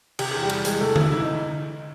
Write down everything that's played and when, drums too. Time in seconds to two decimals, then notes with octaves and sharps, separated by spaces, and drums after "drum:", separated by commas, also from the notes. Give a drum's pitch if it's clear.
0.19 C3 G4, drum: cymbal
0.31 E2 G#4
0.43 G3 G4
0.50 E2, drum: cymbal
0.65 E2 G#3 G#4, drum: hi-hat
0.81 C3 A3 A4
0.96 E2 E4, drum: tom D3
1.12 G#2 E4
1.23 D#4